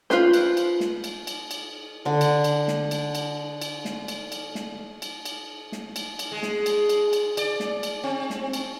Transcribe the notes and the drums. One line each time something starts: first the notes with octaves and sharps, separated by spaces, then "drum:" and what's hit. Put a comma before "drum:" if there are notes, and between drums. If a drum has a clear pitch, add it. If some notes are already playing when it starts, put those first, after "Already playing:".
F4 B4 C5, drum: snare
drum: cymbal
drum: cymbal
drum: snare
drum: cymbal
drum: cymbal
drum: cymbal
D3 D4
drum: cymbal
drum: cymbal
drum: snare
drum: cymbal
drum: cymbal
drum: cymbal
drum: snare
drum: cymbal
drum: cymbal
drum: snare
drum: cymbal
drum: cymbal
drum: snare
drum: cymbal
drum: cymbal
G#3
drum: snare
drum: cymbal
drum: cymbal
drum: cymbal
D5, drum: cymbal
drum: snare
drum: cymbal
C4
drum: snare
drum: cymbal